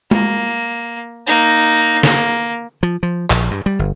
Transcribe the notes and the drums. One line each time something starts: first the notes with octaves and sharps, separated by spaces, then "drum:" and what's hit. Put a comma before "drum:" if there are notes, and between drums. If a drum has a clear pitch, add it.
A#3, drum: tom G#3
A#3 D#4
A#3, drum: snare
F3
F3
A#1, drum: clap
G2
G3
G1